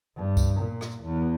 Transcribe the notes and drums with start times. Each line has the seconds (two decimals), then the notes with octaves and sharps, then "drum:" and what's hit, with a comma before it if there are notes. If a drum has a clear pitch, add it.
0.16 G2
0.37 drum: kick C#2, tambourine
0.59 A#2
0.81 drum: rim click
1.03 E2